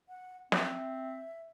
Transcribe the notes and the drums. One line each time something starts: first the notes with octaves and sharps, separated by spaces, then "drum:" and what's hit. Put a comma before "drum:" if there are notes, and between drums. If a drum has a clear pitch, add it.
F#5
C4 E5, drum: snare